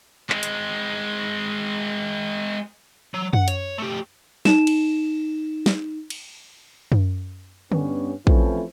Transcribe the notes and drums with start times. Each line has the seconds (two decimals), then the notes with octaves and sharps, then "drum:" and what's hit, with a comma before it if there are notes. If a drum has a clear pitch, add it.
0.30 G#3 C4, drum: clap
0.43 drum: hi-hat
3.14 F#3
3.33 F#5, drum: tom F#2
3.48 C#5, drum: hi-hat
3.78 A3 G4
4.45 D#4 E7, drum: snare
4.67 drum: cymbal
5.66 drum: snare
6.10 drum: cymbal
6.92 drum: tom F#2
7.72 G2 B3 C#4, drum: tom D3
8.27 E3 F3 A3 C4 C#4 E4, drum: kick